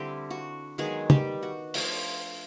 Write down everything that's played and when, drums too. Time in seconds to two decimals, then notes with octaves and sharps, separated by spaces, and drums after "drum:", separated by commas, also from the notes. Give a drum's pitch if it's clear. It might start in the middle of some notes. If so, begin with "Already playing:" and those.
Already playing: D3 G3 C4 E4 G4
0.31 F#4
0.78 D#3 F#3 G#3 B3 G#4
1.10 G3 G4, drum: tom
1.43 F#4
1.74 F3 A3 D4 F4, drum: open hi-hat